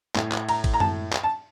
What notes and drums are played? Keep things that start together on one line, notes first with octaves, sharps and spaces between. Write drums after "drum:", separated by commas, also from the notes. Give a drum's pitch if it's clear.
A2, drum: clap
drum: clap
A#5, drum: cymbal
drum: kick, cymbal
A#5
A5, drum: tom F#2
drum: clap
A5